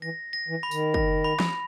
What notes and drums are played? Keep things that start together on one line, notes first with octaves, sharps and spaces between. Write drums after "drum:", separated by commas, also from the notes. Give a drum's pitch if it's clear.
E3 A#6
A#6
E3
B5
D#3, drum: tambourine
A#6, drum: kick
B5
drum: snare